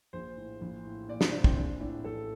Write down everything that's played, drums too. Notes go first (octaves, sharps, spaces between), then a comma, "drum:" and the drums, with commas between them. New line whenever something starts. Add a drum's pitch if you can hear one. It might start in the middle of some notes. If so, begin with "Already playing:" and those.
A#1 C5
A2
A#1
A2
A#2 D5
C5, drum: snare
A#2 D4
C4, drum: kick
A#1 D4
A2 D4
A1 A4